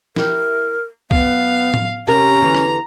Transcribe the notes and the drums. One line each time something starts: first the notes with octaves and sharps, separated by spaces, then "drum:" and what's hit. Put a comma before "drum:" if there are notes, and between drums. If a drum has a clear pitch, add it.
E4 G4 A#4, drum: snare
F#2 B3 F5, drum: kick C2
drum: tom
C3 C#4 A#4 A#5
E2 D3 E3
drum: rim click